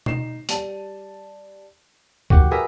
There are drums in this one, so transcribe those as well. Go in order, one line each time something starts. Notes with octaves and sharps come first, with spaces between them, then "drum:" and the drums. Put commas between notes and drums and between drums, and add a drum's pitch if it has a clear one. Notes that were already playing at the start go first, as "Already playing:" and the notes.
D#4 C7 E7, drum: tom B2
G3 A5 D#7, drum: hi-hat
G#2 D#3 F#4 G4, drum: kick
G#4 A#4 B4 E5